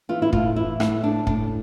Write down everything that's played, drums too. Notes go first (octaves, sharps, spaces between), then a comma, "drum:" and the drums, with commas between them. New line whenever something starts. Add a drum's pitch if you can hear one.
E3 F4
E4
A2 F4, drum: kick
E3 E4
A2 E4, drum: rim click
A2 D4
A2 D4, drum: kick